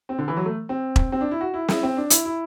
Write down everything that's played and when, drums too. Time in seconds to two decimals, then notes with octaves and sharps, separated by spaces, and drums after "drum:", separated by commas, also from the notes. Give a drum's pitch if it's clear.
0.09 C4
0.18 D3
0.28 E3
0.37 F#3
0.45 A3
0.69 C4
0.96 drum: kick E1
1.12 C4
1.21 D4
1.31 E4
1.41 F#4
1.54 E4
1.68 E4, drum: snare
1.83 C4
1.97 D4
2.10 E4, drum: hi-hat
2.25 E4